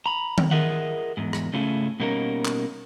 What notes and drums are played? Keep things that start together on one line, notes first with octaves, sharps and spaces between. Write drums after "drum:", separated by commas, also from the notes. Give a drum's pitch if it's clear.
A#5 B5
drum: tom D#3
F4 G#4 A#4 D#5 E5 F#5
E2 G#2
drum: rim click
C#3 A3 C#4 E4 F4 G#4
B2 G3 A#3 C#4 D#4 A#4
drum: clap